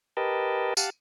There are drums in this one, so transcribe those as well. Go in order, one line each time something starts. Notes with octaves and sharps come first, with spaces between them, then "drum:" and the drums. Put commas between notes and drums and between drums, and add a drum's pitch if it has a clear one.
G4 A#4 B4 D#5 G5 A5
G4 F5 F#5 A5, drum: tambourine